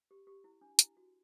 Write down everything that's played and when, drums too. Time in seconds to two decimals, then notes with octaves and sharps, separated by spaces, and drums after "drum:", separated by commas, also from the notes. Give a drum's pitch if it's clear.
0.11 G4
0.27 G4
0.44 E4
0.61 D4
0.79 E4, drum: hi-hat
0.97 F#4